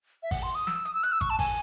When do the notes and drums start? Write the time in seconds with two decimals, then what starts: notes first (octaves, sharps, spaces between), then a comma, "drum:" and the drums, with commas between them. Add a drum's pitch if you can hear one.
0.23 E5
0.31 F#5, drum: kick, open hi-hat
0.43 C6
0.55 D#6
0.67 E6, drum: snare
0.85 D#6, drum: hi-hat
0.94 E6
1.03 F#6, drum: hi-hat
1.12 E6
1.21 C#6, drum: kick, hi-hat
1.30 A5
1.39 G#5, drum: kick, open hi-hat